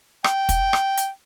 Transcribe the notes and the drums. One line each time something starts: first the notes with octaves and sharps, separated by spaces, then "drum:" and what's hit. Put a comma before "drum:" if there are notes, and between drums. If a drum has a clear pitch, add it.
G5, drum: rim click
drum: kick, hi-hat
drum: rim click
drum: hi-hat